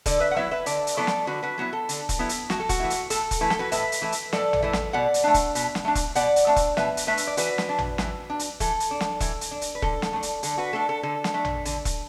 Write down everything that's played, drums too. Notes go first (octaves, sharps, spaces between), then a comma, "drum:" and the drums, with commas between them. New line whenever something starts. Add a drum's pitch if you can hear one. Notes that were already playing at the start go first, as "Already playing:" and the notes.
D3 A4 D5, drum: kick E1, hi-hat
B4 E5
F#5
F#3 B3 E4 B4 E5
B4 E5
D3 A4 D5, drum: hi-hat
drum: hi-hat
F#3 B3 E4 A4 D5
drum: snare
D3 F#4 B4
F#4 B4
F#3 B3 E4 F#4
A4
D3, drum: hi-hat
drum: kick E1, hi-hat
F#3 B3 E4
drum: hi-hat
A2 F#4, drum: snare
A4
F#4, drum: kick E1, hi-hat
E3 A3 E4
drum: hi-hat
A2 A4, drum: hi-hat
drum: kick E1, hi-hat
E3 A3 E4 B4
A4, drum: snare
F#4 B4
A2 B4 E5, drum: hi-hat
drum: hi-hat
E3 A3 E4
drum: hi-hat
A2 A4 D5, drum: snare
drum: tom A1
E3 A3 E4
drum: snare
B2 D5 F#5
drum: hi-hat
A3 D4
drum: kick E1, hi-hat
B2, drum: hi-hat
drum: snare
A3 D4
drum: kick E1, hi-hat
B2 D5 F#5, drum: hi-hat
drum: hi-hat
A3 D4
drum: kick E1, hi-hat
B2 B4 E5, drum: snare
drum: hi-hat
A3 D4 B4 E5
drum: hi-hat
D5
E3 F#4 B4, drum: hi-hat
drum: snare
D4
drum: tom A1
E3, drum: snare
D4
drum: hi-hat
E3 A4, drum: kick E1, hi-hat
drum: hi-hat
D4
drum: snare
E3, drum: kick E1, hi-hat
drum: hi-hat
D4
drum: hi-hat
B4
D3 A4, drum: kick E1
drum: snare
A3 D4
drum: hi-hat
D3 A4, drum: hi-hat
F#4 B4
A3 D4 A4
A4
D3 A4
drum: snare
A3 D4
drum: tom A1
D3, drum: hi-hat
drum: kick E1, hi-hat